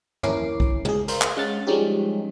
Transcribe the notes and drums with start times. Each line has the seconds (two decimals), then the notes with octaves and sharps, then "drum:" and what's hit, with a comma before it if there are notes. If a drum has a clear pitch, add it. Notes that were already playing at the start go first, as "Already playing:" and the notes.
0.23 D#2 C#4 E4 A#4 D6 C7, drum: tom
0.60 drum: kick B1
0.85 G#3 G#4, drum: tom
1.08 A#4 C5, drum: cymbal
1.22 drum: clap
1.37 G#3 C#4 F#5 F6 A6
1.67 F3 G3 G#3 C#4 D#4 G4